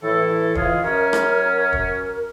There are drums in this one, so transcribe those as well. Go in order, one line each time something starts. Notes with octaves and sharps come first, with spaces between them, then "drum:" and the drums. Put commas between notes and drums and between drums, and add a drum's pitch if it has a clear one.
A2 E3 E4 A4
G#3 F4 G#4, drum: kick
F#2 C#4 A#4
drum: rim click
A#4, drum: kick